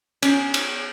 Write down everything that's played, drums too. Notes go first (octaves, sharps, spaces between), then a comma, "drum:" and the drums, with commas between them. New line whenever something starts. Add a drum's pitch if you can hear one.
C#4, drum: cymbal
drum: cymbal